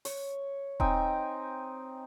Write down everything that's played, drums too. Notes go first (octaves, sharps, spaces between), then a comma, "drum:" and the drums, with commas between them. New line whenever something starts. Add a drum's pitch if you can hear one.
C#5, drum: open hi-hat
C4 D#4 G5 G#5, drum: kick D#1